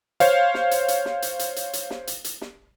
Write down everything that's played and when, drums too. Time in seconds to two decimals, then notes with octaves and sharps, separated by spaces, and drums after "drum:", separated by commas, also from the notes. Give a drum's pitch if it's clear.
0.20 C5 C#5 F5, drum: hi-hat
0.54 drum: snare
0.71 drum: hi-hat
0.88 drum: hi-hat
1.05 drum: snare
1.22 drum: hi-hat
1.39 drum: hi-hat
1.56 drum: hi-hat
1.73 drum: hi-hat
1.90 drum: snare
2.07 drum: hi-hat
2.24 drum: hi-hat
2.41 drum: snare